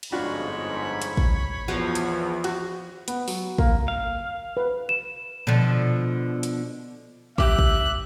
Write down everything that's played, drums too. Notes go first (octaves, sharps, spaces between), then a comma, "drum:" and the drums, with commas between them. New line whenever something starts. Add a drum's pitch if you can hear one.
drum: cymbal
G1 F2 G#2 D4 F4 F#4 C#5 B5
drum: hi-hat
drum: kick
E2 F3 F#4
drum: hi-hat
F#4, drum: cymbal
B3, drum: hi-hat
F#3, drum: open hi-hat
A#3, drum: kick
F5
B4
E7
B2 D3 F3
drum: hi-hat
E4 G4 E5 D6 F#6, drum: kick
drum: kick